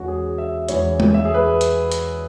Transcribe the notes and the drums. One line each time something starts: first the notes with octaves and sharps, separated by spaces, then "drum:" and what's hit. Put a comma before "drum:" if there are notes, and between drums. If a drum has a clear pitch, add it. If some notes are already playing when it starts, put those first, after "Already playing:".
Already playing: E2 E3 G#3 C#4 F#4
G#4
E5
E2 E3 G#3 C#4 C#5, drum: hi-hat
drum: tom G#3
E5
G#4
B4
drum: hi-hat
drum: hi-hat